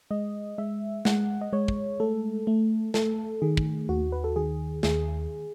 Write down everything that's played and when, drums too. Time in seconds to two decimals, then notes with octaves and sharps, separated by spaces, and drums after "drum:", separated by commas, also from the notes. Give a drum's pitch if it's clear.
0.11 G#3 D#5
0.58 G#3 E5
1.05 G#3 F#5, drum: snare
1.41 D#5
1.53 G#3 C#5
1.68 drum: kick
2.00 A3 A4
2.47 A3
2.94 A3 A4, drum: snare
3.42 D#3 G#4
3.57 drum: kick
3.89 D#2 F#4
4.12 B4
4.24 A4
4.36 D#3 G#4
4.83 D#2 G#4, drum: snare